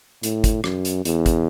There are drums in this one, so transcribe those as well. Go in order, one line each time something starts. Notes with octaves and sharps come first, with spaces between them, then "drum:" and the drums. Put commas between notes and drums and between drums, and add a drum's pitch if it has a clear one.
A2, drum: hi-hat
drum: kick, hi-hat
F#2, drum: rim click
drum: hi-hat
E2, drum: hi-hat
drum: kick, hi-hat